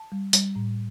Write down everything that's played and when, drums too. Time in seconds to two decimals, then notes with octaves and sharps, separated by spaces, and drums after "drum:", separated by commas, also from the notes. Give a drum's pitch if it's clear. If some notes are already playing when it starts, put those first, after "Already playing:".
Already playing: A5
0.12 G3
0.33 G3, drum: hi-hat
0.56 A2